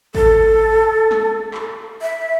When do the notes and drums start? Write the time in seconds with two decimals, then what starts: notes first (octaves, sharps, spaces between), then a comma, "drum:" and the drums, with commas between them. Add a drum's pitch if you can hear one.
0.15 A4, drum: kick G#1
1.11 drum: snare
1.54 drum: clap
2.02 E5